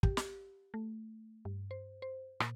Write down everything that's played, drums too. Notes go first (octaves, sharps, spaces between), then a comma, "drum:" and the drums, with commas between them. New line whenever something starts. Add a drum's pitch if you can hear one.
G4, drum: kick
drum: snare
A3
G2
C5
C5
A#2, drum: rim click